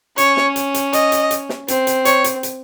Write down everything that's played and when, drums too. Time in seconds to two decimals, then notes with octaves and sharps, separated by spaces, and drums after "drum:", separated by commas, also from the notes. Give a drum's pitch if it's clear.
0.18 C#4 C#5, drum: hi-hat
0.37 drum: snare
0.56 drum: hi-hat
0.74 drum: hi-hat
0.93 D#5, drum: hi-hat
1.12 drum: hi-hat
1.31 drum: hi-hat
1.49 drum: snare
1.68 C4, drum: hi-hat
1.87 drum: hi-hat
2.05 C#5, drum: hi-hat
2.24 drum: hi-hat
2.43 drum: hi-hat